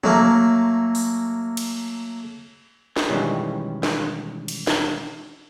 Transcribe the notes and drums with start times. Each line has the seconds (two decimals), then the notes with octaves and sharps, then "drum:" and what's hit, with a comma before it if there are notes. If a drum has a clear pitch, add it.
0.04 F#3 A3 A#3, drum: tom E3
0.95 drum: open hi-hat
1.57 drum: cymbal
2.97 drum: snare
3.09 B2 D#3 E3 G3 G#3 C#4
3.83 drum: snare
4.48 drum: cymbal
4.67 drum: snare